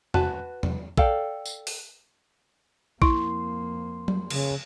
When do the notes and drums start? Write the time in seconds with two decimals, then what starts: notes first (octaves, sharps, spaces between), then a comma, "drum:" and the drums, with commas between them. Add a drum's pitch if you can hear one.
0.14 F#4 B4 A5, drum: tom
0.63 drum: tom
0.97 A4 D5 F5 G5, drum: kick A#1
1.46 drum: tambourine
1.67 drum: open hi-hat
3.02 F2 A#3 E4 C6, drum: kick A#1
4.08 drum: tom F#3
4.30 C#3, drum: cymbal